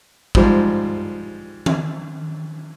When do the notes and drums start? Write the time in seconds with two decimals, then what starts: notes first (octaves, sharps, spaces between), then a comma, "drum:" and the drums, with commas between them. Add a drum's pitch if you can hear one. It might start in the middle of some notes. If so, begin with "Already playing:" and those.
0.35 G#2 F3 G3, drum: kick
1.66 drum: tom D#3